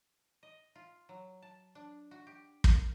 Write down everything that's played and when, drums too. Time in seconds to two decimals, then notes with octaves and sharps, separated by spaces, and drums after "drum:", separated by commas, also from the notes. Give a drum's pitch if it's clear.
0.43 D#5
0.75 F4
1.09 F#3
1.42 A5
1.75 D4
2.11 F#4
2.27 G4
2.64 A#3, drum: kick